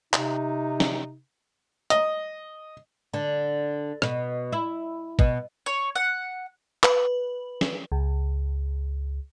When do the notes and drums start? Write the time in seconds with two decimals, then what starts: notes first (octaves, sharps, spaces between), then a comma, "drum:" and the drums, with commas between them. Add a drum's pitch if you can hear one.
0.14 C3 D#4, drum: clap
0.80 drum: snare
1.90 D#5, drum: hi-hat
3.14 D3
4.02 B2, drum: rim click
4.52 E4
5.19 B2, drum: kick
5.66 C#5
5.96 F#5
6.83 B4, drum: clap
7.61 drum: snare
7.92 C#2